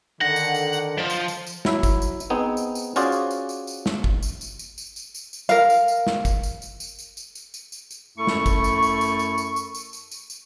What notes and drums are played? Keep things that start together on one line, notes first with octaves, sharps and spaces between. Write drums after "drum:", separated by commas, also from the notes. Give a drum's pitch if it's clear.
D3 D#3 F#5 A#6
drum: tambourine
drum: tambourine
drum: tambourine
F3
drum: tambourine
drum: tambourine
drum: tambourine
F#3 E4 E5, drum: snare
drum: kick, tambourine
drum: tambourine
drum: tambourine
B3 C4 D#4 G#4
drum: tambourine
drum: tambourine
C#4 F4 F#4 G#4 C5 D5, drum: tambourine
drum: tambourine
drum: tambourine
drum: tambourine
drum: tambourine
drum: snare
drum: kick
drum: tambourine
drum: tambourine
drum: tambourine
drum: tambourine
drum: tambourine
drum: tambourine
drum: tambourine
A#4 F5, drum: tambourine
drum: tambourine
drum: tambourine
drum: snare
drum: kick, tambourine
drum: tambourine
drum: tambourine
drum: tambourine
drum: tambourine
drum: tambourine
drum: tambourine
drum: tambourine
drum: tambourine
drum: tambourine
F#2 A3 E4 A4 C#6
drum: snare
drum: kick, tambourine
drum: tambourine
drum: tambourine
drum: tambourine
drum: tambourine
drum: tambourine
drum: tambourine
drum: tambourine
drum: tambourine
drum: tambourine
drum: tambourine